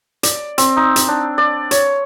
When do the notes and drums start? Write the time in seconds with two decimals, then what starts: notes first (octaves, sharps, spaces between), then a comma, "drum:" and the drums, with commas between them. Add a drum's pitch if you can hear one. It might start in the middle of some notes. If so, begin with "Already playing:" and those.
0.23 D5, drum: hi-hat
0.58 C4, drum: hi-hat
0.77 D#4
0.96 drum: hi-hat
1.08 D4
1.38 D5
1.71 C#5, drum: hi-hat